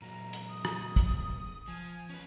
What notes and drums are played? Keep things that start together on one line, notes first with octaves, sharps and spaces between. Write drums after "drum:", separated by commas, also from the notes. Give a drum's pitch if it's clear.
A#2 F#3 A#5
drum: hi-hat
D#6
drum: rim click
drum: kick, hi-hat
F3 G#5
C#4 B4